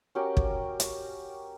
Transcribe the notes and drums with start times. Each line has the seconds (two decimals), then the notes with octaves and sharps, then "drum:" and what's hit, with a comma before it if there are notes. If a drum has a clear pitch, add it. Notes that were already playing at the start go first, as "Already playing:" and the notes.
0.15 C#4 F#4 G4 A#4
0.37 drum: kick
0.80 drum: hi-hat